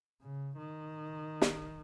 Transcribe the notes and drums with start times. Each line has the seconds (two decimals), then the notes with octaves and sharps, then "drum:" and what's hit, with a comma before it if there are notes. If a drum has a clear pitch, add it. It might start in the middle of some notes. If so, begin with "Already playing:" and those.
0.22 C#3
0.57 D#3
1.42 drum: snare